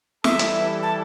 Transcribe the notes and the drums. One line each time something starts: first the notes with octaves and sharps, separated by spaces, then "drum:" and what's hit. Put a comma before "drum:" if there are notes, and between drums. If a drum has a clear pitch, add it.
E3 G3 E4 A4 E5, drum: snare
drum: hi-hat
A5